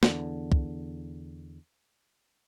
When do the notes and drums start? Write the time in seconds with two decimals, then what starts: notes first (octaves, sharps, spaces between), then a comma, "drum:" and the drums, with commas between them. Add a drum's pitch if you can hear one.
0.03 E2 D3, drum: snare
0.52 drum: kick